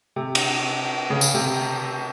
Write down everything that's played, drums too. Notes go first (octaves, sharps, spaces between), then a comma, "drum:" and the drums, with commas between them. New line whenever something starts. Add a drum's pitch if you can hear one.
C3
drum: cymbal
C#3
drum: tambourine
C3